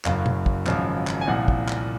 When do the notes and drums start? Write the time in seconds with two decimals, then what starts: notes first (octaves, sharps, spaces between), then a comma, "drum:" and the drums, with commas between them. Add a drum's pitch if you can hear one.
0.05 F#1 F#2 C#3 F5, drum: clap
0.26 drum: tom
0.46 drum: kick
0.66 G#1 F#2 C#3 F3, drum: clap
1.07 drum: clap
1.21 G#5
1.28 C2 A#2 F3 F#5
1.48 drum: kick
1.68 drum: clap